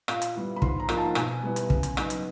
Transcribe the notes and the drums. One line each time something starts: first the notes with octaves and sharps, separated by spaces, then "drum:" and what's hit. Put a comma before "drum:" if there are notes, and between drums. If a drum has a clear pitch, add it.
A#2 F5, drum: rim click
drum: hi-hat
G3 B3 E4
B5
G#2 C6, drum: kick
A#5
F3 A#3 D#4, drum: rim click
A5
B2 G#5, drum: rim click
G3 B3 E4
drum: hi-hat
C#3, drum: kick
drum: hi-hat
F#3 B3 D#4, drum: rim click
drum: hi-hat